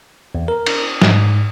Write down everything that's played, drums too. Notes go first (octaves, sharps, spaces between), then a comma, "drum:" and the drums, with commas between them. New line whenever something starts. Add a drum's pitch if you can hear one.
E2
A#4
drum: cymbal
G#2, drum: snare